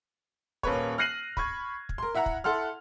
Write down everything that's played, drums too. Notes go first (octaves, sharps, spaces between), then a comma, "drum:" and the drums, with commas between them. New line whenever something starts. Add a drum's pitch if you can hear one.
D#1 A#3 B4 C#5, drum: kick
F6 F#6 A#6 C7 D#7 F#7
B5 C#6 G#6, drum: kick
drum: kick
A#4 C6
E4 E5 F#5 A#5
drum: kick
E4 A4 F#5 C6 F6